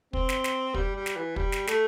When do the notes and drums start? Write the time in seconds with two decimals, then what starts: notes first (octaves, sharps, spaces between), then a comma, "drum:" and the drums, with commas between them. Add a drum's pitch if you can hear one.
0.13 C4, drum: kick
0.29 drum: snare
0.44 drum: snare
0.74 G3, drum: kick
0.95 G3
1.06 drum: snare
1.16 E3
1.36 G3, drum: kick
1.52 drum: snare
1.67 A3, drum: snare